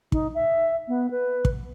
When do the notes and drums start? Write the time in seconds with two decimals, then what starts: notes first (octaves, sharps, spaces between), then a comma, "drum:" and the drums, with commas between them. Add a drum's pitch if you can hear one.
0.12 D#4, drum: kick
0.35 E5
0.88 B3
1.11 B4
1.45 drum: kick